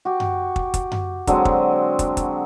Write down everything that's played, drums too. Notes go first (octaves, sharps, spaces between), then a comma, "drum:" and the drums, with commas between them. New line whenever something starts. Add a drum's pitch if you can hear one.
F#4 G4
drum: tom F#2
drum: kick
drum: kick, hi-hat
drum: tom F#2
D3 F#3 G#3 C4, drum: kick, hi-hat
drum: kick
drum: kick, hi-hat
drum: kick, hi-hat